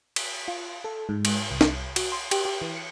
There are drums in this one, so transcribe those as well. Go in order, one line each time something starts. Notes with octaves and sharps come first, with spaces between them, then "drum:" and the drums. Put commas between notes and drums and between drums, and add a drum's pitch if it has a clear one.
B6, drum: cymbal
F4
A4
G#2
drum: cymbal
C2
drum: snare
F#4, drum: cymbal
C6
G4, drum: cymbal
G4
E3
C#7